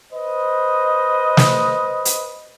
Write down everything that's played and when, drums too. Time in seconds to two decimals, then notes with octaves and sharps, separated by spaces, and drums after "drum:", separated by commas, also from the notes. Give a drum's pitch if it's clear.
0.12 B4 C5 D#5
1.37 drum: snare
2.05 drum: hi-hat